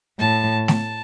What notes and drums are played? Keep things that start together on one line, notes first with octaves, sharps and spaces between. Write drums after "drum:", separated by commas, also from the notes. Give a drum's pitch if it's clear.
A2 A5
A5, drum: snare A3